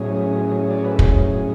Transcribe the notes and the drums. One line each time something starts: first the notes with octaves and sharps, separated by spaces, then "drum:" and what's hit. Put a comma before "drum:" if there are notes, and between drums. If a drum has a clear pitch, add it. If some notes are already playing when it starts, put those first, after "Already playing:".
Already playing: A2 F#3 C#4 G#4
D5
C#5
B4
A4
G#4, drum: kick